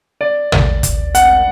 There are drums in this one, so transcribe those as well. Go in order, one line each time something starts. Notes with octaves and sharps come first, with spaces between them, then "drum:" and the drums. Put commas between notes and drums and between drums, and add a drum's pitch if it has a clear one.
D5
drum: tom
drum: kick, hi-hat
F#5, drum: hi-hat